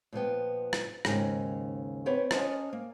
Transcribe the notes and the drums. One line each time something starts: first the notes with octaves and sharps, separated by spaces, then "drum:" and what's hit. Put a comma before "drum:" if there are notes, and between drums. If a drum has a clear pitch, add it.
A#2 F3 B3 G5
drum: rim click
D#2 G#2 C#3 G4 A#4 G#5, drum: rim click
B3 C4 G4 C#5
C#4 A#4 C5 D#5 F#5 A5, drum: rim click
A#3